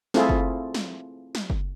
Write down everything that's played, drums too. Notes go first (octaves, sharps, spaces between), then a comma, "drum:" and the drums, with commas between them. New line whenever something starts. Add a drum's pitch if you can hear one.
A3 C4 E4 F4 G#4 A4, drum: snare
drum: kick F#1
drum: snare
drum: snare
drum: kick F#1